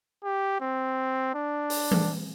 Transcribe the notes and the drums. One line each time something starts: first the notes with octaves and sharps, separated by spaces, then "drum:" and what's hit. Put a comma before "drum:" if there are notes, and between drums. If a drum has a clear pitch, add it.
G4
C4
D4
drum: open hi-hat
drum: tom E3